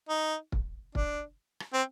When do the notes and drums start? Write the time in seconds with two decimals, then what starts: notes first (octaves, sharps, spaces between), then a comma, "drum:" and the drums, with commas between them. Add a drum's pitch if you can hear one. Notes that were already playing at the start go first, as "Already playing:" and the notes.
0.09 D#4
0.52 drum: kick
0.95 D4, drum: kick
1.60 drum: rim click
1.73 C4